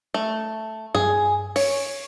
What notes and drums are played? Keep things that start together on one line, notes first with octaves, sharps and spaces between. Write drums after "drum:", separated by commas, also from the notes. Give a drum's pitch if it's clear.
A3
G#4, drum: tom G2
C#5, drum: open hi-hat